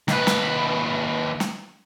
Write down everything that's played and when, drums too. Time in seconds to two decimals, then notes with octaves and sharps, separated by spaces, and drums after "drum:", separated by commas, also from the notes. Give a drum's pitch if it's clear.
0.08 D#2 B4, drum: snare
0.27 drum: snare
1.40 drum: snare